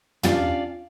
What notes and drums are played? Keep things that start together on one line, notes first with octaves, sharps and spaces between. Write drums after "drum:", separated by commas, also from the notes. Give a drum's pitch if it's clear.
C#4 D4 F4 G4 D5 F5, drum: tom